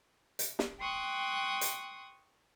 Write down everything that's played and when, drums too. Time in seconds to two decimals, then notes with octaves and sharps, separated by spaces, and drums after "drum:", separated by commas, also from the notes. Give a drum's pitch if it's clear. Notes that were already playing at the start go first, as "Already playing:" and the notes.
0.39 drum: hi-hat
0.59 drum: snare
0.80 G5 C6 C#6 D#6 F#6
1.61 drum: hi-hat